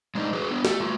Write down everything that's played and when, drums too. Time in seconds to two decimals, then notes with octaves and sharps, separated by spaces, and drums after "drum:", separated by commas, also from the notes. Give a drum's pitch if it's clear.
0.15 G#3 D4 D#4
0.33 F#4 G#4 B4
0.51 B3 D4
0.65 A3, drum: snare
0.80 A3 F4 F#4